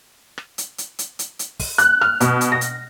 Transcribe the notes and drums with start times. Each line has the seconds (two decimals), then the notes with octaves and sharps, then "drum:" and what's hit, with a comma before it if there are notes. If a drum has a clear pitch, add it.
0.38 drum: rim click
0.58 drum: hi-hat
0.78 drum: hi-hat
0.99 drum: hi-hat
1.19 drum: hi-hat
1.39 drum: hi-hat
1.60 drum: kick, open hi-hat
1.78 F#6, drum: hi-hat
2.01 F6, drum: rim click
2.20 B2, drum: hi-hat
2.41 drum: hi-hat
2.52 A#6
2.61 drum: hi-hat